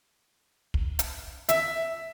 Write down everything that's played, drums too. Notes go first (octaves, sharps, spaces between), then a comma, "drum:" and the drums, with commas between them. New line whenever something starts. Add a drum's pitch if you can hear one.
drum: kick
drum: hi-hat
E5, drum: hi-hat